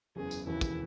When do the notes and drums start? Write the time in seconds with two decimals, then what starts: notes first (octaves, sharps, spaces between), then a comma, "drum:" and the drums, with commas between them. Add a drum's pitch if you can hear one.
0.16 F#1 E2 C#3 E3 G#4
0.31 drum: tambourine
0.46 E1 D#2 C#3 E3 E4
0.61 drum: kick, tambourine